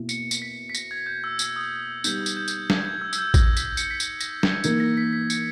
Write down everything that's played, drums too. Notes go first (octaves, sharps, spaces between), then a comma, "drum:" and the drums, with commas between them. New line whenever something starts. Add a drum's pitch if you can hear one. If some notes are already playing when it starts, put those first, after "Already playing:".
Already playing: B2 A#3 E4
C#7, drum: tambourine
drum: tambourine
B6
B6
A#6, drum: tambourine
G#6
G6
E6
E6, drum: tambourine
D#6
D#6
E6
G3 B3 D#4 G6, drum: tambourine
drum: tambourine
G6
drum: tambourine
G#6, drum: snare
G6
E6
E6, drum: tambourine
G6
A#6, drum: kick A1, tambourine
B6, drum: tambourine
C#7, drum: tambourine
B6
C#7, drum: tambourine
A#6, drum: tambourine
G#6, drum: snare
E3 A#3 D#4 G#6, drum: tambourine
A#6
B6
B6
C#7, drum: tambourine